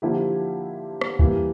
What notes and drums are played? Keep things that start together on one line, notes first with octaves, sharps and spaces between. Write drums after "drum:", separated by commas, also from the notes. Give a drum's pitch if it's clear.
D3 F3 A#3 E4 G4
drum: rim click
E3 G3 A#3, drum: kick